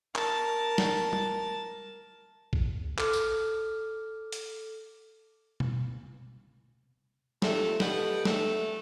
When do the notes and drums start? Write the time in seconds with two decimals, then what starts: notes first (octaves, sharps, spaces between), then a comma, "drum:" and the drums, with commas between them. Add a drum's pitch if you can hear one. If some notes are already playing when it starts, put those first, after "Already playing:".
0.16 A#4 A5, drum: clap
0.78 drum: snare
1.13 drum: tom G3
2.53 drum: kick
2.99 A4 D6 F6, drum: clap
3.13 drum: tambourine
4.32 drum: hi-hat
5.60 drum: tom B2
7.42 C3 F3 A3, drum: snare
7.80 G4 A4 B4 D#5 F#5, drum: snare
8.25 A3, drum: snare